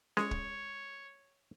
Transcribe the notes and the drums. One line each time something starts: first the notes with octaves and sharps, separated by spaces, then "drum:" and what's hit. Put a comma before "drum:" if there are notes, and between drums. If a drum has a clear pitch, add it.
G#3 C#5, drum: snare C#4
drum: kick